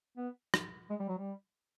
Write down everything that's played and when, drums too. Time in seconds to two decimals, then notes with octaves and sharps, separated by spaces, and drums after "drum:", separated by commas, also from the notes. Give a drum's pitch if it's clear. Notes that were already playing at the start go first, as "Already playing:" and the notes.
0.17 B3
0.54 drum: rim click
0.90 G#3
1.00 G3
1.09 F#3
1.18 G3